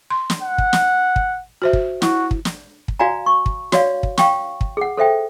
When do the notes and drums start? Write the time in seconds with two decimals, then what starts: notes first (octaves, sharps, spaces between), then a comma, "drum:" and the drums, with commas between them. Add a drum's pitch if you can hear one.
0.10 C6
0.30 drum: snare
0.43 F#5
0.58 drum: kick
0.73 drum: snare
1.16 drum: kick
1.62 F#4 C5 E5
1.73 drum: kick
2.02 E4 F#4, drum: snare
2.31 drum: kick
2.45 drum: snare
2.88 drum: kick
2.99 F#4 D5 F5 G#5 A#5
3.26 C#6
3.46 drum: kick
3.72 F#4 C#5 D5 F5, drum: snare
4.03 drum: kick
4.18 F5 G5 C#6, drum: snare
4.61 drum: kick
4.77 G#4 F#5
4.97 A4 C5 E5 G5